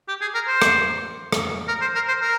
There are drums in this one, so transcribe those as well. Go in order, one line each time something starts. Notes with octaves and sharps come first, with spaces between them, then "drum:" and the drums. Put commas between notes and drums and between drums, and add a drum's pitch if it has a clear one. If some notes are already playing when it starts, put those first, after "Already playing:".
G4
G#4
A#4
C5
drum: rim click
drum: rim click
A#4
C5
A#4
C5
A#4